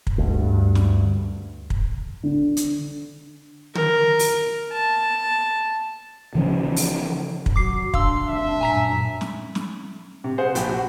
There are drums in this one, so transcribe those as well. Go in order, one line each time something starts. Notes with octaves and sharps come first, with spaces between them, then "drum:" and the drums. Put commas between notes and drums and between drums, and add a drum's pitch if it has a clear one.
drum: kick
D2 G2
drum: snare
drum: kick
D3
drum: hi-hat
A#4, drum: tom D3
drum: open hi-hat
A5
C#3 E3 F3 C#4
drum: open hi-hat
drum: kick
F#3 D6 C7
D4 F5 C6 E6, drum: kick
F1 E5
F#2 A#2 G#5 A#5 B6
drum: snare
drum: snare
C3
G#4 C5 F5 F#5
A#1 G4 G5, drum: hi-hat
F#4